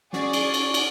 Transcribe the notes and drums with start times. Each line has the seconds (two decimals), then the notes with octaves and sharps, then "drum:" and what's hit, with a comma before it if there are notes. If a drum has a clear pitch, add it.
0.13 C#4 F#4 G#4 D5, drum: snare
0.33 drum: cymbal
0.54 drum: cymbal
0.74 drum: cymbal